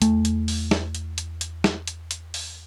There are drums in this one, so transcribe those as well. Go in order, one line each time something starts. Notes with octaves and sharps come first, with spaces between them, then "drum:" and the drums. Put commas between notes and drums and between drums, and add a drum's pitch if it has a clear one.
E2 A3, drum: hi-hat
drum: hi-hat
drum: open hi-hat
drum: snare
drum: hi-hat
drum: hi-hat
drum: hi-hat
drum: snare
drum: hi-hat
drum: hi-hat
drum: open hi-hat